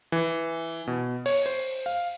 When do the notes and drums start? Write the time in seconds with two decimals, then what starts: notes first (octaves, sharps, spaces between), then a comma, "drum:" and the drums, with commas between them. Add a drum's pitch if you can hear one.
0.12 E3
0.87 B2
1.26 C#5, drum: open hi-hat
1.46 C5
1.86 F5